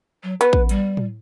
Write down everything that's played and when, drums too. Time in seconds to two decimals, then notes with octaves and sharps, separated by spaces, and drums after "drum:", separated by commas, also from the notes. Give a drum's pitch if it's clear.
0.23 F#3
0.41 B3 B4, drum: hi-hat
0.53 drum: kick
0.69 G3, drum: hi-hat
0.97 drum: tom A2